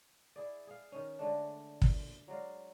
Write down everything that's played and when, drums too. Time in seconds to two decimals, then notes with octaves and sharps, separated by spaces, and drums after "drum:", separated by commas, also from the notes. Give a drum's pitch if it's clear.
0.36 E4 G#4 D5
0.67 G#4 F5
0.92 D#3 C#4
1.19 D3 G#3 A3 D4
1.82 drum: kick
2.28 F#3 G#3 D5 F5